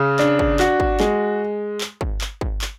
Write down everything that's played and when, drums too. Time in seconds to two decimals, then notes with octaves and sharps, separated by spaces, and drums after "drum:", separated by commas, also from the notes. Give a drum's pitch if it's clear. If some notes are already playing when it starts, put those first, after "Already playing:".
Already playing: C#3
0.19 D4, drum: clap
0.39 drum: kick
0.59 F#4, drum: clap
0.80 drum: kick
1.00 G#3, drum: clap
1.81 drum: clap
2.01 drum: kick
2.21 drum: clap
2.41 drum: kick
2.61 drum: clap